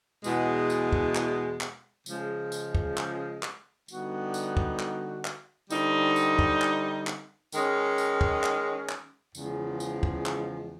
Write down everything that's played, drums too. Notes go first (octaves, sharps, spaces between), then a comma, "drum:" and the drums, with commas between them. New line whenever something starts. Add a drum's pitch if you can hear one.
E2 B2 G#3, drum: tambourine
drum: tambourine
drum: kick
drum: clap
drum: clap
C#3 F3 G#3, drum: tambourine
drum: tambourine
drum: kick
drum: clap
drum: clap
D3 G3 B3 D#4 F#4, drum: tambourine
drum: tambourine
drum: kick
drum: clap
drum: clap
D3 G3 C4 D#4, drum: tambourine
drum: tambourine
drum: kick
drum: clap
drum: clap
D#3 G#3 C#4, drum: tambourine
drum: tambourine
drum: kick
drum: clap
drum: clap
E2 C#3 F3 G#3, drum: tambourine
drum: tambourine
drum: kick
drum: clap